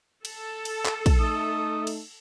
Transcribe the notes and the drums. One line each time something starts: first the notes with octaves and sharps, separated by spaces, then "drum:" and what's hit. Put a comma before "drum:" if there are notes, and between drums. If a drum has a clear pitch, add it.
A4, drum: cymbal
drum: cymbal
drum: clap
drum: kick, cymbal
A3 D#4 D#6
drum: cymbal